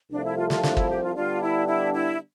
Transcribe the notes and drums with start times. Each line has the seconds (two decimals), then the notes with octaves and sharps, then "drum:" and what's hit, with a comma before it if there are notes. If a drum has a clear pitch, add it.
0.10 C2 C3 F3 A3 D4
0.25 E4
0.37 F4
0.50 F4, drum: snare
0.63 D4, drum: snare
0.77 E4, drum: kick
0.89 G4
1.03 F4
1.16 D3 G3 B3 D4 F4
1.42 E4
1.68 E4
1.93 E4